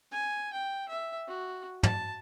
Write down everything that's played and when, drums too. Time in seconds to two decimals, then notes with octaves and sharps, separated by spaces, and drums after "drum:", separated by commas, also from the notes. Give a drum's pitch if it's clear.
0.12 G#5
0.54 G5
0.89 E5
1.28 F#4
1.83 A5, drum: tom